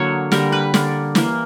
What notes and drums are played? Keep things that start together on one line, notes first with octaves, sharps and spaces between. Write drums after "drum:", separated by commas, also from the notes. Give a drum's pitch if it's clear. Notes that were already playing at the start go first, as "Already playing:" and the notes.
Already playing: D3 F#3 A#3 C#5
D3 G3 A#3 A#4, drum: snare
B4
D3 A#3 D5, drum: snare
E3 A#3, drum: snare